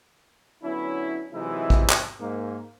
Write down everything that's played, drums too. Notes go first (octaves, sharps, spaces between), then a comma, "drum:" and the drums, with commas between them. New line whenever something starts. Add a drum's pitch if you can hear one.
D3 F#3 B3 C#4 E4
C3 E3 F#3 G#3 D#4 E4
drum: kick A1
drum: clap
G#2 A#3